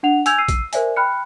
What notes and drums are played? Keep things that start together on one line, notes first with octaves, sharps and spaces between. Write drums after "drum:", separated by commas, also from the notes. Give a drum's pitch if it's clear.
D4 F#5 F7
G#5 E6 G6 G#6 F7, drum: hi-hat
E6 C7 D#7
drum: kick A#1, hi-hat
A#4 C5 D5 E5 G#5, drum: hi-hat
G5 B5 F6 F#6 C#7